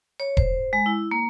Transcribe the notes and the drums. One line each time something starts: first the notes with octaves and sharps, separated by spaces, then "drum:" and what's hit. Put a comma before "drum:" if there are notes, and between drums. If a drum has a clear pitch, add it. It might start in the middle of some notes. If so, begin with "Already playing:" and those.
C#5
C5, drum: kick E1
G#3
E4
A#3